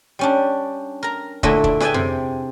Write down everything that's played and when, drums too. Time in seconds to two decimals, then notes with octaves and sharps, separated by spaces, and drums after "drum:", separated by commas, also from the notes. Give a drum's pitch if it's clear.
0.19 G3 C#4 D4
1.03 A#4 A#5
1.43 A#2 D3 A3 E4 D#5 E5, drum: kick
1.64 D4, drum: kick
1.80 G#4 B4 D5 E5 G5 G#5, drum: snare
1.94 C3, drum: tom F2